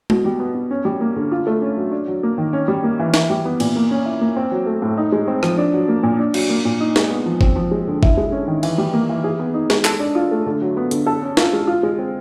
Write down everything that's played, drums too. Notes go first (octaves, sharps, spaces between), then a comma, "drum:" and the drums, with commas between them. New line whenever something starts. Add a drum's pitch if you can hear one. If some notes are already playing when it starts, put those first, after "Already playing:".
B2, drum: tom G#3
G3
B3
B2
C#4
G3
A#3
D3
F4
A3
C#4
F#3
D4
F#3
A#3
D#3
C#4
G3
A#3
E3
E4, drum: snare
G3
B3
A#2, drum: cymbal
A#3
C#4
E4
A#3
C4
F#3
A3
A2
D#4
G#3
C4
F3, drum: rim click
D4
F#3
A#3
A#2
D4
F#3, drum: cymbal
A#3
A#2
D#4
G#3, drum: snare
B3
F3
C4, drum: kick G1
F3
G#3
D3
E4, drum: kick G1
G#3
C#4
D#3
E3, drum: cymbal
G3
A#3
E3
G#4
B3
D#4
G#3, drum: snare
A4, drum: clap
D4
F4
A3
D3
F#3
B3
D3, drum: hi-hat
A4
C#4
F4, drum: snare
G#3
F4
G#3
C4